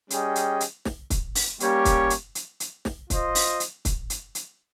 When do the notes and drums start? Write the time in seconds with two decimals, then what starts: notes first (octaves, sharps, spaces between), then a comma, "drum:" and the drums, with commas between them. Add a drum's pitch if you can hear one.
0.10 G3 C#4 G#4 D#5 G5, drum: hi-hat
0.35 drum: hi-hat
0.60 drum: hi-hat
0.85 drum: snare
1.10 drum: kick, hi-hat
1.35 drum: open hi-hat
1.60 G3 A#3 C#4 G4 C#5, drum: hi-hat
1.85 drum: kick, hi-hat
2.10 drum: hi-hat
2.35 drum: hi-hat
2.60 drum: hi-hat
2.85 drum: snare
3.10 F4 C5 D#5, drum: kick, hi-hat
3.35 drum: open hi-hat
3.60 drum: hi-hat
3.85 drum: kick, hi-hat
4.10 drum: hi-hat
4.35 drum: hi-hat